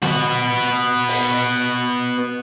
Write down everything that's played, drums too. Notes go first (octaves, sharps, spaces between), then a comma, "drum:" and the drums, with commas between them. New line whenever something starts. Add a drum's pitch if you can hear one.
B3 F#4, drum: snare
drum: open hi-hat
drum: hi-hat